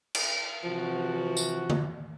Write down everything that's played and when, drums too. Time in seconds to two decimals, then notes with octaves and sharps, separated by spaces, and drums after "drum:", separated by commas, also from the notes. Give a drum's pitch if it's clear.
0.15 drum: cymbal
0.64 C3 E3 F3 F#4
1.37 drum: tambourine
1.70 drum: tom D3